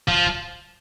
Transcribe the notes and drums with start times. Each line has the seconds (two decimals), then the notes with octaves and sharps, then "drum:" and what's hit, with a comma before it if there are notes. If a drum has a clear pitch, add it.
0.08 F3, drum: kick
0.26 drum: kick